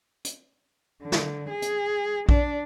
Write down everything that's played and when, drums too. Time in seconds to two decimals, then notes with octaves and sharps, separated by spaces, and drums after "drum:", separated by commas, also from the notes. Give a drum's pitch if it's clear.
0.25 drum: hi-hat
1.02 D3
1.12 drum: snare
1.50 G#4
1.62 drum: hi-hat
2.29 D4, drum: kick A#1